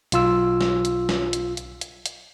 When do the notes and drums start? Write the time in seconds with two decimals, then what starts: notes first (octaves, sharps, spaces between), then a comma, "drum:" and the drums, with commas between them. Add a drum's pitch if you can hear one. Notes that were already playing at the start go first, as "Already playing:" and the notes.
0.12 B1 F4 E6, drum: hi-hat
0.61 drum: snare
0.85 drum: hi-hat
1.09 drum: snare
1.33 drum: hi-hat
1.57 drum: hi-hat
1.81 drum: hi-hat
2.06 drum: hi-hat